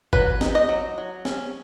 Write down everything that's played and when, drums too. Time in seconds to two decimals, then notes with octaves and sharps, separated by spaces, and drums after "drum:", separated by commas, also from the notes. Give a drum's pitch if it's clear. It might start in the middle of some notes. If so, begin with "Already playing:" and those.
0.13 F#3 B4, drum: kick G1
0.41 D#4, drum: snare
0.55 D#5
0.69 F#3
0.98 F#3
1.25 C#4, drum: snare